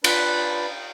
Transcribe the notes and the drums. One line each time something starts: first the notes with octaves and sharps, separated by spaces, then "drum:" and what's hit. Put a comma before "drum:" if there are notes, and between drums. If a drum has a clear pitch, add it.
D4 F4 B4 F#6 B6, drum: cymbal